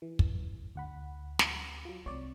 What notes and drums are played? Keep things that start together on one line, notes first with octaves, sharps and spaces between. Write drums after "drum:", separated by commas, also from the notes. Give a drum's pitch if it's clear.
E3
drum: kick
D2 F#5 B5
drum: snare
F#3 F4
C2 C4 C#5 D5